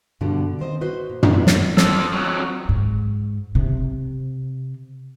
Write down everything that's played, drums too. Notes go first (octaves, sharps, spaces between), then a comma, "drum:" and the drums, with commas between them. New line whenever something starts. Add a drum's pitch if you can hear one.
G2 B2 D3 G3
D#3 C4 C5 D#5
F#4 B4 C5 D#5
A#2
E3 F3 G#3 B3 E4 F4, drum: tom
drum: snare
F3 A4, drum: snare
F2 F#3
G#2
C3